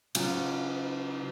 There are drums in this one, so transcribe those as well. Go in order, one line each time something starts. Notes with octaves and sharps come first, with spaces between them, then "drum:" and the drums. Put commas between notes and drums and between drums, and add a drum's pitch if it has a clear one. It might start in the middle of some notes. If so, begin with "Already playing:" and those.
C#3 F#3 F4, drum: cymbal